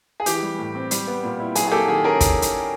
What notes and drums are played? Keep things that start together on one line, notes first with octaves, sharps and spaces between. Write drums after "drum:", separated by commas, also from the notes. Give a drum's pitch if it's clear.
G#4
E3 G4, drum: hi-hat
G3
A2
C4
G3, drum: hi-hat
B3
A#2
E4
F#3 G#4, drum: hi-hat
G#4
A#3 G4 A4
D#3 G#4
C#4 G#4 A#4
drum: kick, hi-hat
drum: hi-hat